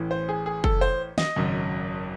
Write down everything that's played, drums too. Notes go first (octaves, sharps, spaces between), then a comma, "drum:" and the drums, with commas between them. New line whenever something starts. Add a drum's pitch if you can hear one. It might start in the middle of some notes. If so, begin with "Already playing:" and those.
Already playing: A1 A2 E3
C5
G#4
G#4
A4, drum: kick
C5
D#5, drum: snare
G#1 F#2 C#3